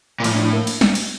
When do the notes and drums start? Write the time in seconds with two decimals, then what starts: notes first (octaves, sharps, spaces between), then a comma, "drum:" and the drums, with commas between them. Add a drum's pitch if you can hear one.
0.20 A#2
0.24 A2 F3, drum: cymbal
0.35 D4
0.43 E4
0.53 A#3
0.67 drum: cymbal
0.81 drum: snare
0.95 drum: cymbal